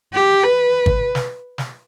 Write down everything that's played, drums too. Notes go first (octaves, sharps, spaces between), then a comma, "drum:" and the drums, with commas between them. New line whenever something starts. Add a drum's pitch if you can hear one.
G4
B4
drum: kick
drum: snare
drum: snare